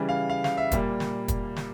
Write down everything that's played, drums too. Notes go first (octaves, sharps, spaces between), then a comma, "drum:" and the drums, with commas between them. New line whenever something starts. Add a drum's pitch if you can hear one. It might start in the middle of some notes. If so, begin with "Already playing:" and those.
Already playing: C#3 E3 G3
F5
F5
F5, drum: snare
E5
A#2 G3 A#3, drum: kick, hi-hat
drum: snare
drum: kick, hi-hat
drum: snare